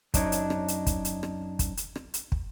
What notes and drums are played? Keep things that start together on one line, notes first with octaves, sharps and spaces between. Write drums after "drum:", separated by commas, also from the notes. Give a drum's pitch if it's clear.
F#2 D4 D#4 C#5, drum: kick, hi-hat
drum: hi-hat
drum: rim click
drum: hi-hat
drum: kick, hi-hat
drum: hi-hat
drum: rim click
drum: kick, hi-hat
drum: hi-hat
drum: rim click
drum: hi-hat
drum: kick